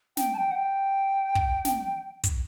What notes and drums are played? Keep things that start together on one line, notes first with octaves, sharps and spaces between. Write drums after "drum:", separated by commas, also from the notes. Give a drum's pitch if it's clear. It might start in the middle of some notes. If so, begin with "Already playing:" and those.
G5, drum: snare
A5
G5
F#5
G5
drum: kick
drum: snare
drum: kick, hi-hat